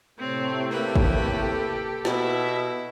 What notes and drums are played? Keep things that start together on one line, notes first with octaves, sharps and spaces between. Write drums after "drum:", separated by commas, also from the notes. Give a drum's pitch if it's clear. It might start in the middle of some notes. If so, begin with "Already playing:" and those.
A2 C3 A3 C4 C#5
A#3 G4 A4 B4
drum: kick
B2 E4 E5, drum: snare